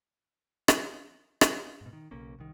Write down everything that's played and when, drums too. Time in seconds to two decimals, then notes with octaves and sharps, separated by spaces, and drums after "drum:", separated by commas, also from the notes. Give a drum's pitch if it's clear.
0.68 drum: rim click
1.41 drum: rim click
1.81 G#2 B2
1.93 D#3
2.11 B1 C#3 A#3 C#4
2.39 C2 D#3